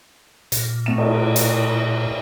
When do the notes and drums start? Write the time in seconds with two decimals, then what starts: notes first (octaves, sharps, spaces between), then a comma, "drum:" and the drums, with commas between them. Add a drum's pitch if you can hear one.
0.52 A#2, drum: hi-hat
0.86 A2 E7
0.98 drum: cymbal
1.36 drum: hi-hat